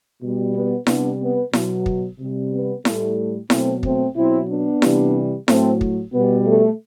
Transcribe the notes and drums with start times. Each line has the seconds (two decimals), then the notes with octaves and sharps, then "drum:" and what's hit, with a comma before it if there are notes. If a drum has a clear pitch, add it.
0.21 B2 G3
0.54 B3
0.87 C3 G3 B3 D4, drum: snare E4
1.21 B3
1.53 B2 F#3, drum: snare E4
1.86 drum: kick
2.19 C3 G3
2.52 B3
2.85 A2 G3 A3, drum: snare E4
3.50 B2 F#3 A3 C4, drum: snare E4
3.83 A3 C4, drum: kick
4.16 B2 F#3 C4 E4
4.49 B3 D4
4.82 C3 E3 G3, drum: snare E4
5.48 A2 F#3 A3 C4, drum: snare E4
5.81 drum: kick
6.13 B2 G3 B3
6.46 A3